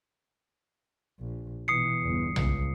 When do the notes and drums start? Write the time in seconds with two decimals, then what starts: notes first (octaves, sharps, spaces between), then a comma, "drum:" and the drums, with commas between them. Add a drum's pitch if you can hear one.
1.20 A#1
1.68 B2 E3 D#6 C7 C#7
2.02 G1 E2
2.36 C#2, drum: tom B1